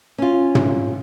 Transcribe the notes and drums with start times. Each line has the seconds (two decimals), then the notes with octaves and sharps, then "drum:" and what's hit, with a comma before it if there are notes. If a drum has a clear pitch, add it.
0.18 C#4 F4
0.55 drum: tom